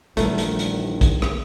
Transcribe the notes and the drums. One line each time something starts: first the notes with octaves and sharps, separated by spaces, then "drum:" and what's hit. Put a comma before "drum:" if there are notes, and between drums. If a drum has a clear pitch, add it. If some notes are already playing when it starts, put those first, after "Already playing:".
A#1 E2 D#3 G3 A3 E4, drum: hi-hat
drum: hi-hat
drum: hi-hat
drum: kick, hi-hat
drum: rim click